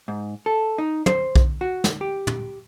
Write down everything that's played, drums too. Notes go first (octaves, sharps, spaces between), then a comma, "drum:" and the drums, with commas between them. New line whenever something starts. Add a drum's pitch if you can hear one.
G#2
A4
D#4
C5, drum: tom
drum: kick B1
F#4
drum: snare
G4
drum: tom